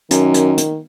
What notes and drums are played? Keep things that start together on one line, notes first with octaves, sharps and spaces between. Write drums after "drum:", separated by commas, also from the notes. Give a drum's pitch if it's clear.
F#2 D#3, drum: hi-hat
drum: hi-hat
drum: hi-hat